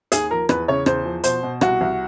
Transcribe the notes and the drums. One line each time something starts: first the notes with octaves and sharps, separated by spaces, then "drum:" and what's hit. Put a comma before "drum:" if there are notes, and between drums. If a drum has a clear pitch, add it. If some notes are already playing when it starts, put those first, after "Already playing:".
D#2 G#4, drum: hi-hat
F3 A#4
E2 B4, drum: rim click
C#3 C#5
E2 C5, drum: rim click
F3
B2 C5, drum: hi-hat
B2
C2 F#4, drum: rim click
C2